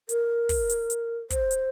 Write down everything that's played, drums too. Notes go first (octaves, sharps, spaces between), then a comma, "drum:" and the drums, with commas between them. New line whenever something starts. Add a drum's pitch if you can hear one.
A#4, drum: hi-hat
drum: kick, open hi-hat
drum: hi-hat
drum: hi-hat
C5, drum: kick, hi-hat
drum: hi-hat